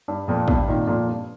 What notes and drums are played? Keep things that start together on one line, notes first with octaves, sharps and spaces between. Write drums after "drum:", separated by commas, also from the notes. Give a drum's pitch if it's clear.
G2
F2 A#2
G2 C3, drum: kick
A#2 D#3
F2 A#2
G2